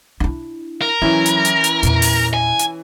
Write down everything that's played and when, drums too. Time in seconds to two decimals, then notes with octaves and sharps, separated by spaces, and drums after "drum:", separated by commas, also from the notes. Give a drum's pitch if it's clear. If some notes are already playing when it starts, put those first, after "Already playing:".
0.20 D4 E4
0.82 A#4
1.02 E3 F#3 C#4 E4
1.26 drum: hi-hat
1.45 drum: hi-hat
1.64 drum: hi-hat
1.83 E2 A#2, drum: hi-hat
2.02 drum: open hi-hat
2.34 G#5
2.59 drum: hi-hat